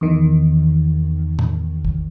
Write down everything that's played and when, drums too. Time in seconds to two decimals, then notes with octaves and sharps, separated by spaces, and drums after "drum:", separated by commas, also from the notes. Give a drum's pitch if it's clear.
0.01 E2 D#3
1.39 drum: tom
1.85 drum: kick